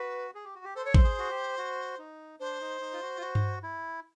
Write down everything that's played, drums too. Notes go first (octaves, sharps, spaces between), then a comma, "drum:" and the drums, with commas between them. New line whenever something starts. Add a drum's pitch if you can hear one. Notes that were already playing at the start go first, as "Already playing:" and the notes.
Already playing: F#4 B4
G#4
G4
F#4
G4
A4 C5
C#5
C5, drum: kick
G#4
F#4
G4
F#4
D#4
D4 C5
D#4
D#4
F4
F#4
F4
F#4
drum: tom G2
E4